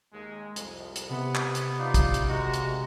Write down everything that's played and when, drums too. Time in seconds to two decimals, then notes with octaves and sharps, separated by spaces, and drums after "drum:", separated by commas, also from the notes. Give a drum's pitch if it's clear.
0.13 D#2 G#3
0.56 C2 F2, drum: hi-hat
0.96 drum: hi-hat
1.10 C3 B3
1.35 drum: clap
1.55 drum: hi-hat
1.79 D#4 F4 D5
1.94 drum: kick, hi-hat
2.14 drum: hi-hat
2.29 D#3 G#3 F#4 A#5
2.54 drum: hi-hat